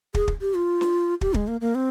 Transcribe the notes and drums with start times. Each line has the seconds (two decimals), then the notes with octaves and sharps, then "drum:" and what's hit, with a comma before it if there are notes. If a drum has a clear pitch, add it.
0.14 G#4, drum: kick
0.28 drum: kick
0.41 G4
0.55 F4
0.81 drum: snare
1.21 G4, drum: kick
1.34 G#3, drum: kick
1.48 A#3
1.61 A#3
1.75 C4